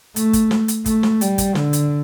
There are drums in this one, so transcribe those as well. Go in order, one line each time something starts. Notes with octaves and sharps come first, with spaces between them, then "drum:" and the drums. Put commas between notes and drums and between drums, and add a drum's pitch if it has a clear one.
A3, drum: hi-hat
drum: kick, hi-hat
drum: snare
drum: hi-hat
A3, drum: kick, hi-hat
drum: snare
G3, drum: hi-hat
drum: kick, hi-hat
D3, drum: snare
drum: hi-hat